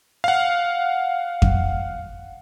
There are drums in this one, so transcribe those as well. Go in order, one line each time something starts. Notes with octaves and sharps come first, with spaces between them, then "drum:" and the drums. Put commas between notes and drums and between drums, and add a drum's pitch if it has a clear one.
F5 F#5
drum: kick F2